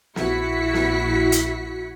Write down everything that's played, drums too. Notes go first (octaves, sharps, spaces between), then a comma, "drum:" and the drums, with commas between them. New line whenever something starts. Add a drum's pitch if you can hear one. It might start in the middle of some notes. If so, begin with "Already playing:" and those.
A#1 E4 F#4 B6 C#7, drum: snare
drum: snare
drum: hi-hat